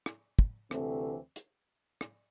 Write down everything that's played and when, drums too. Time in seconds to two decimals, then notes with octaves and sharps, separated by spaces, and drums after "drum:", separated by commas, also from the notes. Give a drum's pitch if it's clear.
0.06 drum: rim click
0.39 drum: kick
0.71 D2 C3 E3 A3 C4, drum: rim click
1.36 drum: hi-hat
2.01 drum: rim click